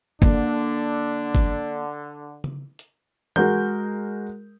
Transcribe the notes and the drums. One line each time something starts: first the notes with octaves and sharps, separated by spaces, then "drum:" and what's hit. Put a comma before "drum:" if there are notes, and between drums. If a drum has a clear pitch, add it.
D3 A#3 D4, drum: kick G1
drum: kick G1
drum: tom C#3
drum: hi-hat
G#3 F#4 A#4 G6, drum: tom E3